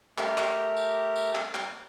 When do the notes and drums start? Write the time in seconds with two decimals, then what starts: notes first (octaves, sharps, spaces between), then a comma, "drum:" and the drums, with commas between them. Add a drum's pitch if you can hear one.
0.18 A3 G4 A#4, drum: clap
0.38 drum: clap
0.77 drum: tambourine
1.16 drum: tambourine
1.35 drum: clap
1.55 drum: clap